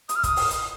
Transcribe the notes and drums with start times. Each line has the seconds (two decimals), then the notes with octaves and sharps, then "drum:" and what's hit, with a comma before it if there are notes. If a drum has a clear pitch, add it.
0.09 D#6, drum: hi-hat
0.16 F6
0.23 D#6, drum: kick, hi-hat
0.36 drum: open hi-hat
0.50 drum: hi-hat